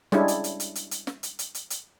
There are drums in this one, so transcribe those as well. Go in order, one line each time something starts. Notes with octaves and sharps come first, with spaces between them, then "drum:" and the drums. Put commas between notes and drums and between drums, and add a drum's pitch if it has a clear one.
G3 G#3 C#4 D4 E4, drum: snare
drum: hi-hat
drum: hi-hat
drum: hi-hat
drum: hi-hat
drum: hi-hat
drum: snare
drum: hi-hat
drum: hi-hat
drum: hi-hat
drum: hi-hat